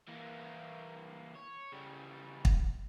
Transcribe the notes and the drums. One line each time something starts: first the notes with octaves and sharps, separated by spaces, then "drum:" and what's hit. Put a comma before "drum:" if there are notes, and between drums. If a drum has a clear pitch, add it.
E3 A#3
C#5
C#3 G3
drum: kick